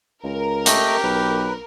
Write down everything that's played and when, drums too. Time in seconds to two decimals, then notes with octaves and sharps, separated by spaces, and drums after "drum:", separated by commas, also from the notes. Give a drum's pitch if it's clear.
0.24 C#2 A#4
0.66 A3 G4 D#5, drum: hi-hat
1.03 B1 B4